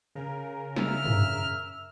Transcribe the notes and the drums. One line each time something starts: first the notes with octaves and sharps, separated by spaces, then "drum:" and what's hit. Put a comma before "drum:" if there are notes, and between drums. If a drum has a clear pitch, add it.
C#3 A#4
E5 F6, drum: snare
drum: tom